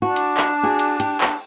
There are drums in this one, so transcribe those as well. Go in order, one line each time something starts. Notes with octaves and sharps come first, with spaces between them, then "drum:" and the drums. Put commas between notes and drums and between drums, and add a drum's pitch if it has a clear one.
D4 F#4 A5
drum: cymbal
drum: clap
F#4 G#4
drum: cymbal
G4, drum: cymbal
drum: clap